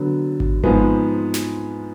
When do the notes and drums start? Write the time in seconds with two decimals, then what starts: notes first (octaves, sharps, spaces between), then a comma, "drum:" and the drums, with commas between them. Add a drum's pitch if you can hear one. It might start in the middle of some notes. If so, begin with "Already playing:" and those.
Already playing: D3 F#3 B3
0.40 drum: kick G#1
0.64 G#2 F3 G#3 B3, drum: kick G#1
1.34 drum: snare